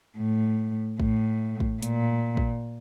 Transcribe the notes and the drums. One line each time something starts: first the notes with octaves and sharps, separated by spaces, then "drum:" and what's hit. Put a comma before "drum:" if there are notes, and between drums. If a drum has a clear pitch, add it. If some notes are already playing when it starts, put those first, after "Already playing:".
A2
A2, drum: kick
drum: kick
A#2, drum: hi-hat
drum: kick